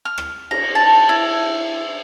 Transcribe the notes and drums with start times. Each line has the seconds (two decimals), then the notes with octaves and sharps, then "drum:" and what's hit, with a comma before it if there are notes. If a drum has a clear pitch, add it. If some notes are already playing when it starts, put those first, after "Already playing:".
0.05 F6
0.18 drum: rim click
0.51 A#5, drum: cymbal
0.75 A5
1.09 E4